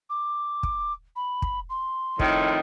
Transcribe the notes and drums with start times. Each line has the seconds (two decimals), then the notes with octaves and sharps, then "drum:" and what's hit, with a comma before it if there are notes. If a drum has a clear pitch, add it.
0.10 D6
0.63 drum: kick
1.16 B5
1.42 drum: kick
1.70 C6
2.19 F2 A2 D#3, drum: kick